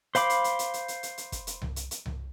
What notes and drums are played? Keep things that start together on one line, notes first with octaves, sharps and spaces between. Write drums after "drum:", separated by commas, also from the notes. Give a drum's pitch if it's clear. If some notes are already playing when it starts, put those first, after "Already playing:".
C5 F5 B5 D6, drum: hi-hat
drum: hi-hat
drum: hi-hat
drum: hi-hat
drum: hi-hat
drum: hi-hat
drum: hi-hat
drum: hi-hat
drum: kick, hi-hat
drum: hi-hat
drum: tom C2
drum: hi-hat
drum: hi-hat
drum: tom C2